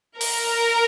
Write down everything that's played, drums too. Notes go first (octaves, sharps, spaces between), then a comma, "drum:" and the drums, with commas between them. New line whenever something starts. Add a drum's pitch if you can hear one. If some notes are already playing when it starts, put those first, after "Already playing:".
A#4, drum: open hi-hat